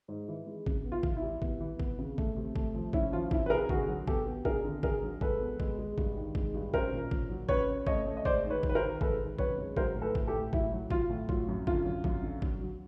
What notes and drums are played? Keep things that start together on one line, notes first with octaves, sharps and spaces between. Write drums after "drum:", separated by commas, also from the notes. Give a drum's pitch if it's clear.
G#2
E3
G#3
C#3, drum: kick
B3
F4
E3, drum: kick
E4
G3
B3, drum: kick
E3
B3, drum: kick
C#3
A3, drum: kick
C3
A3, drum: kick
F3
C#4 E4, drum: kick
F3 F4
C3 E4, drum: kick
B4
C3 G#4 A#4
D3 F#4 G#4, drum: kick
F#3
B3 G4 A4, drum: kick
B3
D4 G#4 A#4, drum: kick
D3
D3 G#4 A#4, drum: kick
F#3
G#3 A4 B4, drum: kick
B3
G#3, drum: kick
G#3
G2, drum: kick
D#3
G#3, drum: kick
G2
C#4 A#4 C5, drum: kick
A#2
A#2, drum: kick
F#3
C#4 B4 C#5, drum: kick
C#4
A3 C#5 D#5, drum: kick
A3
D#5
G#3 C5 D5, drum: kick
D#3
B4 C#5
D#3, drum: kick
B4
A#4 C5
D#3
G#3 A4 B4, drum: kick
D#3
F#2 B4 C#5, drum: kick
G#3
F#3 A#4 C5, drum: kick
A2
A4 B4
A2, drum: kick
G4 A4
A2
F#3 E4, drum: kick
F#3
F#3 F4, drum: kick
A2
F#3 F4, drum: kick
F#2
D3 F4, drum: kick
F#2
F#2, drum: kick
D3
F#3, drum: kick
F#3